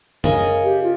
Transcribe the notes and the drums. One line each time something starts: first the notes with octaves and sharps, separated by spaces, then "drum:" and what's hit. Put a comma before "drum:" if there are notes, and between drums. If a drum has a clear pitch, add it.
C#3 A#4 D#5 G#5, drum: tom F#2
G4
F4